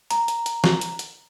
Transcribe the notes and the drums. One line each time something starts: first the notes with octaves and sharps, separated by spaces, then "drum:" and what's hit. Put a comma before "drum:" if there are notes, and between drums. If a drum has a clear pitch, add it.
A#5, drum: hi-hat
drum: hi-hat
drum: hi-hat
drum: snare
drum: hi-hat
drum: hi-hat